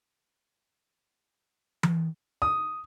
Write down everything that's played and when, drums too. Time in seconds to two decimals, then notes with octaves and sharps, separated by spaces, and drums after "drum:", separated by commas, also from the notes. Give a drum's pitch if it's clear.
1.83 drum: tom E3
2.42 D#6